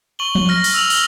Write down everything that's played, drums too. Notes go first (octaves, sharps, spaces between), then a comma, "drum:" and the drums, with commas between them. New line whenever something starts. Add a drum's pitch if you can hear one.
C#6 F#7 G7
drum: tom F3
F6 A#6
drum: open hi-hat
E6 F7 F#7
G7, drum: open hi-hat